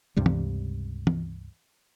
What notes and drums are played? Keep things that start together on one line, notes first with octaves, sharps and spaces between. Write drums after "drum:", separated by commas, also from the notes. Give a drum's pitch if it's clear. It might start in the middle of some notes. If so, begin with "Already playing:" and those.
C#2 G2 C3 G3
drum: tom E3
drum: tom E3